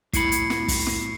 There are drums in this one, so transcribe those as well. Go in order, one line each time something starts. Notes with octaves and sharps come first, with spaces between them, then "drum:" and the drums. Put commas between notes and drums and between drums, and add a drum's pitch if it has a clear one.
A2 E4 B5 C7 C#7, drum: kick, hi-hat
drum: hi-hat
drum: snare
drum: kick, open hi-hat
drum: snare